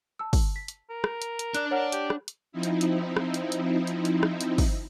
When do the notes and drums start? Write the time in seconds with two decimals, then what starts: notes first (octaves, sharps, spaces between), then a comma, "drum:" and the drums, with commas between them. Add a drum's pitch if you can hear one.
0.19 A5 E6
0.33 drum: kick, open hi-hat
0.56 B6
0.68 drum: hi-hat
0.90 A#4
1.04 drum: rim click
1.22 drum: hi-hat
1.39 drum: hi-hat
1.55 D4 D5 F#6, drum: hi-hat
1.71 A#4 C#5 F#5 F6
1.92 G4, drum: hi-hat
2.10 drum: rim click
2.28 drum: hi-hat
2.52 F3 C4 D#4 E4
2.63 drum: hi-hat
2.81 drum: hi-hat
3.16 drum: rim click
3.34 drum: hi-hat
3.52 drum: hi-hat
3.87 drum: hi-hat
4.05 drum: hi-hat
4.23 drum: rim click
4.41 drum: hi-hat
4.58 drum: kick, open hi-hat